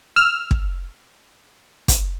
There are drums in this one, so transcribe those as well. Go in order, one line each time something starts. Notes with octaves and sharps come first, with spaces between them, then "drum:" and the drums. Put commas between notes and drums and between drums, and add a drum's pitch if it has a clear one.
E6 F6
drum: kick
drum: kick, hi-hat